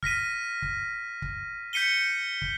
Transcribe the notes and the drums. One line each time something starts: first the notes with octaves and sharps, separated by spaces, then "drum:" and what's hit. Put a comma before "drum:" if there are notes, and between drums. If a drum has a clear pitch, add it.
F6 A#6 B6 D#7, drum: kick
drum: kick
drum: kick
G6 B6 C#7 D#7 G7
drum: kick